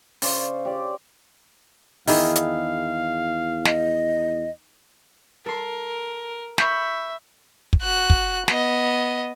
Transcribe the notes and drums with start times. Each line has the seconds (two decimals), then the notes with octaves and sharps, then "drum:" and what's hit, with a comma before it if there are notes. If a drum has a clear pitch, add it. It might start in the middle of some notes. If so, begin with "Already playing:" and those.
0.22 C#3 C5 D5, drum: open hi-hat
0.65 G4 D5
2.07 E2 D#3 E4 G#4 F5, drum: open hi-hat
2.36 drum: hi-hat
3.65 D#5, drum: snare
5.46 A4 A#4 C6
6.58 E5 B5 C#6 G6, drum: snare
7.73 drum: kick
7.82 F#4 F#6
8.10 drum: kick
8.48 B3 D#5, drum: snare